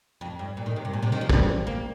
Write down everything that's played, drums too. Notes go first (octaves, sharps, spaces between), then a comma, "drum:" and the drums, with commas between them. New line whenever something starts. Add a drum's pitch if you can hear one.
F2
G2
A#2
D#3
C3
G2
A#2
C3
D#3
F3
G3, drum: kick
A#3